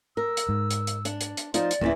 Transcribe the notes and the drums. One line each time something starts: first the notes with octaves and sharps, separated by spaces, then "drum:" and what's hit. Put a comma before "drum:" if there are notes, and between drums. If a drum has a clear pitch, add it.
A#4 E6
drum: hi-hat
G#2
drum: hi-hat
drum: hi-hat
D4, drum: hi-hat
drum: hi-hat
drum: hi-hat
F3 D#4 F4 D5, drum: hi-hat
drum: hi-hat
D1 E2 E3 A#3 C#4 E4